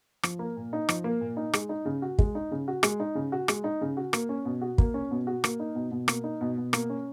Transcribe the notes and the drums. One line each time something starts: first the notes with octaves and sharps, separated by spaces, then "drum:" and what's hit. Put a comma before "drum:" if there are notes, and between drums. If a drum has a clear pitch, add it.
F3, drum: rim click
A#3
A#2
D#4
F3, drum: rim click
A#3
A#2
D#4
G#3, drum: rim click
D#4
C#3
F#4
G#3, drum: kick
D#4
C#3
F#4
G#3, drum: rim click
D#4
C#3
F#4
G#3, drum: rim click
D#4
C#3
F#4
A#3, drum: rim click
C#4
B2
F#4
A#3, drum: kick
C#4
B2
F#4
A#3, drum: rim click
D#4
B2
B2
A#3, drum: rim click
D#4
B2
B2
A#3, drum: rim click
C#4